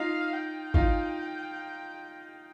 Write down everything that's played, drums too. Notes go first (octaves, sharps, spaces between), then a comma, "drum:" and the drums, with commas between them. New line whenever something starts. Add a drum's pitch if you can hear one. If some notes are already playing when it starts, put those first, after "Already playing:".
Already playing: D#4 F4 F5
G5
D#4 F4, drum: kick G#1